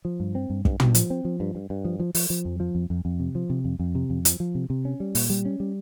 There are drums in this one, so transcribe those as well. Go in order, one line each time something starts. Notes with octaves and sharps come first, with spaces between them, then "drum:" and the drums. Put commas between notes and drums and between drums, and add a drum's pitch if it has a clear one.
F3
G2
C4
G2
G2, drum: kick
G2, drum: tom
F3, drum: hi-hat
C4
F3
G2
G2
G2
F3
F3
F3, drum: open hi-hat
F3
F2
F3
F2
F2
F2
C3
F3
C3
F2
F2
C3
F2
F3, drum: hi-hat
F3
C3
C3
C#4
G3
A#2, drum: open hi-hat
G3
C#4
G3